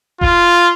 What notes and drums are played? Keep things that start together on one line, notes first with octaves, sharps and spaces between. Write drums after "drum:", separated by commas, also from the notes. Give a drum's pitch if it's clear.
F4, drum: kick F1